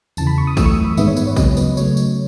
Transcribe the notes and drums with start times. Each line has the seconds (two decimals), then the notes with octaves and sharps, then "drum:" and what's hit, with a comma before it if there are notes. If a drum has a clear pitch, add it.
0.17 E2 C#3 E3 A5, drum: tambourine
0.27 B5
0.38 C#6
0.47 D#6
0.57 F#2 E3 A3 E6, drum: kick, tambourine
0.66 C#6
0.71 D#6
0.84 B5
0.97 G#2 D#3 G#3 B3 E5, drum: tambourine
1.08 C#5
1.17 B4, drum: tambourine
1.27 C#5
1.36 C#3 F#3 B3 D#5, drum: kick, tambourine
1.57 B4, drum: tambourine
1.77 C#3 F#3 A3 C#5, drum: tambourine
1.97 drum: tambourine